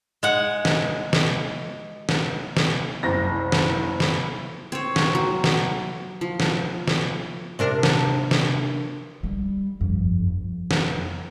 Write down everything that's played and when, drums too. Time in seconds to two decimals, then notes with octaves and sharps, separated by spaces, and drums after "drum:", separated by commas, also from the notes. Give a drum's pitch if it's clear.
0.23 G#3 F#5
0.65 drum: snare
1.13 drum: snare
2.09 drum: snare
2.57 drum: snare
3.03 F#1 C2 A#6
3.52 drum: snare
4.00 drum: snare
4.72 C4 C#5
4.96 drum: snare
5.15 F#3
5.44 drum: snare
6.21 F3
6.40 drum: snare
6.88 drum: snare
7.59 C3 D4 A#4
7.83 drum: snare
8.31 drum: snare
9.23 G3
9.81 G1 F2
10.27 F2
10.71 drum: snare